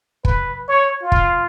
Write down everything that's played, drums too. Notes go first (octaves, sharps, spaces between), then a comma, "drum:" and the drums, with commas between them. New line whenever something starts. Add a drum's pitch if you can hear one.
B4, drum: kick
C#5
F4
drum: kick